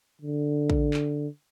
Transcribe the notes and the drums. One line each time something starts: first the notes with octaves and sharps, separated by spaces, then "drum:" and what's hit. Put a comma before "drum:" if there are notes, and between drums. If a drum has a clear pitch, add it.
D3
drum: kick
drum: clap